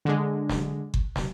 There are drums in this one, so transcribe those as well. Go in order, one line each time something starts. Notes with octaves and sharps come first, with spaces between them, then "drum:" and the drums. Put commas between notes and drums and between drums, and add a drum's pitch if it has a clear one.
D3 G#3
drum: snare
drum: kick G1
drum: snare